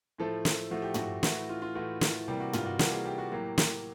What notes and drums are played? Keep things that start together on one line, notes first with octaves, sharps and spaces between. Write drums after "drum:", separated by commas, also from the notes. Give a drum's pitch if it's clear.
A2 F3 A3 A4
drum: snare
A2 F3 A3 F#4
G4
F#4, drum: tom
A2 E3 A3 F#4, drum: snare
F4
F4
A2 E3 A3 F#4
drum: snare
C3 E3 G3 A#3 G4
F#4
F4, drum: tom
F#4
C3 E3 G3 A#3 F#4, drum: snare
G#4
G4
F#4
A2 F#3 A#3 G4
drum: snare